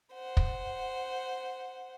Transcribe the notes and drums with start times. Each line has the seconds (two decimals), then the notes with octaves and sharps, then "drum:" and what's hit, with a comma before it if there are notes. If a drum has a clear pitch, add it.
0.14 C5 F#5
0.37 drum: kick